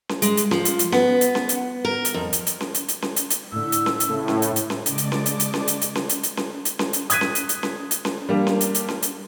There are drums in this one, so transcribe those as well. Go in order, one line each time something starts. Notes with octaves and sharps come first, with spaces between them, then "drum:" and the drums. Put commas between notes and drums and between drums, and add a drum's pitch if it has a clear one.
drum: snare C#4
G#3, drum: hi-hat
drum: hi-hat
F3, drum: snare C#4
drum: hi-hat
drum: hi-hat
B3, drum: snare C#4
drum: hi-hat
drum: snare C#4
drum: hi-hat
A#4
drum: hi-hat
F2
drum: hi-hat
drum: hi-hat
drum: snare C#4
drum: hi-hat
drum: hi-hat
drum: snare C#4
drum: hi-hat
drum: hi-hat
A2 D3 E6
drum: hi-hat
drum: snare C#4
drum: hi-hat
A2 C#3 A4
drum: snare C#4
drum: hi-hat
drum: hi-hat
drum: snare C#4
C#3 G#3 D5 D#5 A5 D6, drum: hi-hat
drum: hi-hat
drum: snare C#4
drum: hi-hat
drum: hi-hat
drum: snare C#4
drum: hi-hat
drum: hi-hat
drum: snare C#4
drum: hi-hat
drum: hi-hat
drum: snare C#4
drum: hi-hat
drum: snare C#4
drum: hi-hat
D#6 F#6 G#6 B6 D#7, drum: hi-hat
drum: snare C#4
drum: hi-hat
drum: hi-hat
drum: snare C#4
drum: hi-hat
drum: snare C#4
G3 A#3 D4
drum: snare C#4
drum: hi-hat
drum: hi-hat
drum: snare C#4
drum: hi-hat